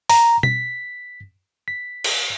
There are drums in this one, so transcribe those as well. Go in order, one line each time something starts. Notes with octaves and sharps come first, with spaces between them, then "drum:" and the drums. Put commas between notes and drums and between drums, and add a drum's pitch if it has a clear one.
A#5, drum: open hi-hat
B6, drum: tom B2
B6
drum: cymbal